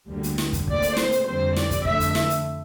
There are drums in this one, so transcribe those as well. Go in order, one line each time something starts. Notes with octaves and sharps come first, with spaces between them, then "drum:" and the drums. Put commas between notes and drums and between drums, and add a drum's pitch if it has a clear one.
D2 D3 G3 A#3
drum: hi-hat
drum: snare
drum: kick, hi-hat
A#2 A3 C4 D5, drum: kick
drum: hi-hat
C5, drum: snare
drum: hi-hat
F2 D3 G3 C4 C5
D5, drum: snare
drum: kick, hi-hat
F2 D3 A3 E5, drum: kick
drum: hi-hat
drum: snare
drum: hi-hat